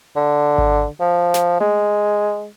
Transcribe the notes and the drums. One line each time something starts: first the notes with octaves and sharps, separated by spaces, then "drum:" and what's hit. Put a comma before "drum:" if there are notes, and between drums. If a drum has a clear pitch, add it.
D3
drum: kick G#1
F3
drum: snare
G#3, drum: tom A3